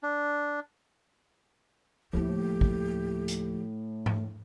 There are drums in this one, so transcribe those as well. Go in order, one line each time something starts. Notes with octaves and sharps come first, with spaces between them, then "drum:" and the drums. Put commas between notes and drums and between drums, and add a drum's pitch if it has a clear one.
D4
D2 A2 F3 A#3 G4
drum: kick
drum: hi-hat
drum: tom G#2